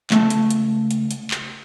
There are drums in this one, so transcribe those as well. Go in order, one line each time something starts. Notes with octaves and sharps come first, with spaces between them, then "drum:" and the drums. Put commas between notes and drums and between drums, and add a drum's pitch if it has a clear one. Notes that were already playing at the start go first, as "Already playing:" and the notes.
C#2 A3 E5 A5, drum: clap
drum: hi-hat
drum: hi-hat
drum: hi-hat
drum: hi-hat
drum: clap